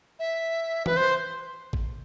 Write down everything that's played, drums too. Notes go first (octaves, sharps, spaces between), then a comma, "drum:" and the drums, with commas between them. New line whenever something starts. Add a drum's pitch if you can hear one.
E5
B4, drum: tom E3
C5
drum: kick G#1